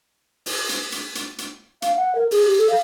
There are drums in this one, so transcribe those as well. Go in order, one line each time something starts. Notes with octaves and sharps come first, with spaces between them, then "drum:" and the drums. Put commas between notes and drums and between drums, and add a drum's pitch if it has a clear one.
drum: open hi-hat
drum: hi-hat
drum: hi-hat
drum: hi-hat
drum: hi-hat
F5, drum: hi-hat
F#5
A#4
G#4, drum: open hi-hat
G4
A4
F5